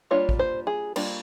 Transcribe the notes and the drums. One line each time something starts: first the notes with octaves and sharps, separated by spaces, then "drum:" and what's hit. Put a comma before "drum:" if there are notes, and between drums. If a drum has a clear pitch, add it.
G3 A#3 D4 F4 C#5
drum: kick A1
C5
G#4
G3 A#3 D4 F4, drum: cymbal